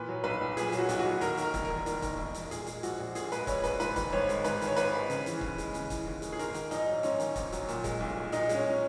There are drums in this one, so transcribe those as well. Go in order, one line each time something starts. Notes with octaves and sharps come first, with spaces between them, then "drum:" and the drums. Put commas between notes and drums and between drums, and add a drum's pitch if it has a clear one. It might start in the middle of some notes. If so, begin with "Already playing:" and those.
Already playing: A#2 E3 B4
F#3
B1 B4
B1
A#2 G#4, drum: hi-hat
F#3, drum: hi-hat
F#4
B1, drum: hi-hat
F#4
B1
D#2 A#4, drum: hi-hat
D#3 A#4, drum: hi-hat
E1, drum: kick, hi-hat
E1 A#4
D#2, drum: hi-hat
D#3, drum: kick, hi-hat
E1
E1, drum: hi-hat
A#2 G#4, drum: hi-hat
G#3, drum: hi-hat
A#1 F#4, drum: hi-hat
A#1
A#2 G#4, drum: hi-hat
G#3 B4, drum: hi-hat
A#1 C#5, drum: kick, hi-hat
A#1 B4, drum: hi-hat
G#2 B4, drum: hi-hat
D#3, drum: kick, hi-hat
G#1 C#5, drum: tom D3
G#3, drum: hi-hat
G#2 B4, drum: hi-hat
D#3, drum: hi-hat
C#5
G#1 B4, drum: hi-hat
G#3
C#3, drum: hi-hat
E3, drum: hi-hat
D#2, drum: kick
G#3, drum: hi-hat
C#3, drum: hi-hat
E3, drum: kick, hi-hat
D#2
G#3, drum: hi-hat
G#4
G#2 A#4, drum: hi-hat
D#3, drum: hi-hat
A#1 D#4, drum: hi-hat
F#3
G#2 C#4, drum: hi-hat
D#3, drum: hi-hat
A#1, drum: kick, hi-hat
F#3, drum: hi-hat
A#2, drum: hi-hat
G#3, drum: kick, hi-hat
B1
B1
A#2 D#4, drum: hi-hat
G#3, drum: hi-hat
C#4
C#4